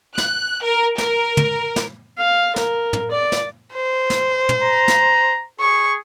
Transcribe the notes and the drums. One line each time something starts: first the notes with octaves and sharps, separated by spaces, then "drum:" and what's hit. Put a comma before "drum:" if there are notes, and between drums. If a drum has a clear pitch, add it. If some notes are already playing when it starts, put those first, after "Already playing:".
F#6, drum: snare
A#4
A#4, drum: snare
drum: tom
drum: snare
F5
A#4, drum: snare
drum: tom
D5
drum: snare
C5
drum: snare
drum: tom
A#5
drum: snare
G#4 C#6